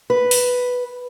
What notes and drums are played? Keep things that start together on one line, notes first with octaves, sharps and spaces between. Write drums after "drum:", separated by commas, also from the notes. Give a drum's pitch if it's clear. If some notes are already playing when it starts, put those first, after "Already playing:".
B4
drum: open hi-hat